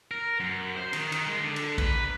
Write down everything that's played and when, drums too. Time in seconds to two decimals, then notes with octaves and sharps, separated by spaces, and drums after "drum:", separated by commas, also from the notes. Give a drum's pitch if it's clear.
0.11 A#4
0.40 F#2
0.77 C5
0.93 D#3, drum: cymbal
1.12 D#3, drum: cymbal
1.26 G#3
1.41 D3
1.56 drum: cymbal
1.78 B4, drum: kick, cymbal